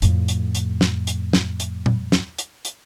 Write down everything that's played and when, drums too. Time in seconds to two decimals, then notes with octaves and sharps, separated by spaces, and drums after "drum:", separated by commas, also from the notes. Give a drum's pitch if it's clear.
0.02 F2 A2, drum: hi-hat
0.28 drum: hi-hat
0.55 drum: hi-hat
0.81 drum: snare
1.07 drum: hi-hat
1.33 drum: snare
1.60 drum: hi-hat
1.86 drum: tom A#2
2.12 drum: snare
2.38 drum: hi-hat
2.65 drum: hi-hat